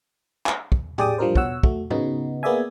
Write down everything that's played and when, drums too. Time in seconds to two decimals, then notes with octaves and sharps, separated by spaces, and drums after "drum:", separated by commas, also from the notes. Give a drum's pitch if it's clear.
0.46 drum: clap
0.72 drum: kick
0.98 G4 G#4 D5 G5 D6 D#6, drum: tom A2
1.18 F3 G3 D4 A#4 C5
1.35 B2 C#5 F#5 E6, drum: kick
1.63 A3 F#4, drum: kick
1.90 C#3 B3 D#4 F#4, drum: tom G#2
2.43 A#3 B3 G#4 D5 E5 G#5